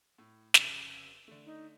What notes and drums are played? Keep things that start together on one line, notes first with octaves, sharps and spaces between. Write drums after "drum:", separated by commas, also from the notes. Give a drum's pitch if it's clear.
A2
F1 C#3 E6, drum: snare
D3 A3
D#4